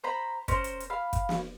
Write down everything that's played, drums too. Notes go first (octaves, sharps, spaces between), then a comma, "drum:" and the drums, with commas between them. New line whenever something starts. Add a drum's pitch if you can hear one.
C5 A#5 B5
C#4 A#4 C5, drum: kick, hi-hat
drum: hi-hat
drum: hi-hat
F5 B5
drum: kick, hi-hat
drum: snare